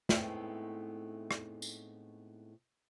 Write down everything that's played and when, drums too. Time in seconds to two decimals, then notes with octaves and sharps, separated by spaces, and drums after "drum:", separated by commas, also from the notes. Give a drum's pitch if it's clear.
0.09 A2 G#3 A3 B3 C4 D#4, drum: snare
1.31 drum: rim click
1.62 drum: tambourine